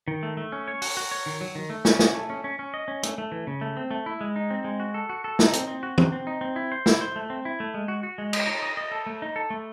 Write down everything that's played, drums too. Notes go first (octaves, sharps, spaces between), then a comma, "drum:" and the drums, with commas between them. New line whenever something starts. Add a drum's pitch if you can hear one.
D#3
A3
A3
C#4
C#5
F#4, drum: open hi-hat
F#4
C#5
D#3
F#3
D#3
A3
C#4, drum: snare
G#4, drum: snare
A3
C#4
C#4
C#4
D#5
C#4
A3, drum: hi-hat
A3
E3
C#3
A3
C4
A3
E4
G#3
D#4
C4
G#3
F#4
A4
F#4
A4
D#4, drum: snare
C4, drum: hi-hat
C4
F#4
C4, drum: tom
C4
D#4
C4
E4
C5
E4, drum: snare
C5
A3
C4
E4
A3
G#3
F#4
F#4
G#3
D#5, drum: cymbal
D#4
D#5
D#5
A4
A3
D#4
A4
A3